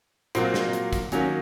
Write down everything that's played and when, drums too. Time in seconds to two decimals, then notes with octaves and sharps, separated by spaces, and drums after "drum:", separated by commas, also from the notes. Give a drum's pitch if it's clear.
0.35 A#2 F#3 A#3 C4, drum: hi-hat
0.54 drum: snare
0.73 drum: hi-hat
0.93 drum: kick, hi-hat
1.12 D#3 F#3 A#3 C#4, drum: hi-hat